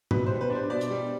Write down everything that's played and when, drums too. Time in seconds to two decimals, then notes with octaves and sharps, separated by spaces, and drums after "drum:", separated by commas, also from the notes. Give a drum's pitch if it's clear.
0.11 B2 B4, drum: tom
0.26 G3 C5
0.41 B4
0.50 D4
0.55 C5
0.70 B2 D5
0.81 drum: hi-hat
0.90 G3